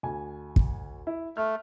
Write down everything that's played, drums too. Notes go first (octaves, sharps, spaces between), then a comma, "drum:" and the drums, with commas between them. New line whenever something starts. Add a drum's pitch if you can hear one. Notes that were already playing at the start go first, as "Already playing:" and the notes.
D2 G#5
drum: kick
E4
A3 F6